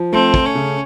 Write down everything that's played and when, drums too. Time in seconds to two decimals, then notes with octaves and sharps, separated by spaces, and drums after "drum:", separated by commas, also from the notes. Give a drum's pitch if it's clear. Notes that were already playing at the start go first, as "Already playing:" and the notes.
Already playing: F3
0.13 A3 C4
0.34 A3, drum: kick
0.45 C#4
0.55 C#3